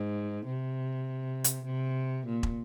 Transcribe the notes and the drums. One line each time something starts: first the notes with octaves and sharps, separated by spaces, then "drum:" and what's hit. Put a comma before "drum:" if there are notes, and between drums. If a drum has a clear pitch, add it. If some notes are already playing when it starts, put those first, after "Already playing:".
Already playing: G#2
C3
drum: hi-hat
C3
A#2
drum: kick